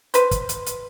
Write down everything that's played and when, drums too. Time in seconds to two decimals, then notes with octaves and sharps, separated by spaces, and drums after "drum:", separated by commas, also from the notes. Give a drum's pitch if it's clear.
0.14 B4 C5, drum: hi-hat
0.31 drum: kick, hi-hat
0.49 drum: hi-hat
0.66 drum: hi-hat